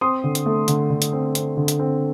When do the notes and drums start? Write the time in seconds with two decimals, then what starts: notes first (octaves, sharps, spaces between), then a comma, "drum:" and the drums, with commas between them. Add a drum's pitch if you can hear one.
0.01 C4 C6 D#6
0.24 D3
0.35 drum: hi-hat
0.46 A3
0.68 D3, drum: hi-hat
0.90 D3
1.02 drum: hi-hat
1.13 C4
1.35 C4, drum: hi-hat
1.57 D3
1.68 drum: hi-hat
1.79 C4